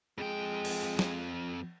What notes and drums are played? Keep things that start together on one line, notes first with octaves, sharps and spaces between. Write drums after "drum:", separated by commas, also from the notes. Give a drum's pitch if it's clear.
F2 G#3 G5
drum: cymbal
drum: snare